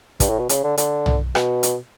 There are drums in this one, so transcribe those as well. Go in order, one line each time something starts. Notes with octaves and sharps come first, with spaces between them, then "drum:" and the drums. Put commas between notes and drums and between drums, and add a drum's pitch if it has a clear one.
G2, drum: kick, hi-hat
A2
B2
C#3, drum: hi-hat
D3
D3, drum: hi-hat
drum: tom
B2, drum: rim click
drum: hi-hat